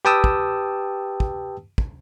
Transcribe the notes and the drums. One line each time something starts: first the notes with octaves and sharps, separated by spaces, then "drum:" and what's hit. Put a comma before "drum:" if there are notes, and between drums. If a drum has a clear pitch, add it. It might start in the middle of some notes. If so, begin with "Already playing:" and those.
G4 B4 G5 A5 D#6 E6
drum: kick
drum: kick
drum: kick